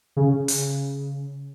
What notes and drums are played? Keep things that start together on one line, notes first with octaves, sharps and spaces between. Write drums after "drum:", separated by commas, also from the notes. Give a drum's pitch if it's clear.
C#3
drum: open hi-hat